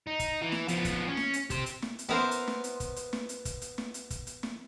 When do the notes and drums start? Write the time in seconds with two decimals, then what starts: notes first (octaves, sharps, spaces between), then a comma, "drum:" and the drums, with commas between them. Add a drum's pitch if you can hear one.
0.07 D#4
0.19 drum: kick, hi-hat
0.42 E3
0.52 drum: snare
0.68 F3 B3, drum: hi-hat
0.85 drum: kick, hi-hat
1.08 C#4
1.17 drum: snare
1.34 drum: hi-hat
1.50 G4 C5, drum: kick, hi-hat
1.66 drum: hi-hat
1.82 drum: snare
1.99 drum: hi-hat
2.09 B3 E4 A#4 C5
2.31 drum: hi-hat
2.48 drum: snare
2.64 drum: hi-hat
2.80 drum: kick, hi-hat
2.96 drum: hi-hat
3.13 drum: snare
3.29 drum: hi-hat
3.45 drum: kick, hi-hat
3.62 drum: hi-hat
3.78 drum: snare
3.94 drum: hi-hat
4.10 drum: kick, hi-hat
4.27 drum: hi-hat
4.43 drum: snare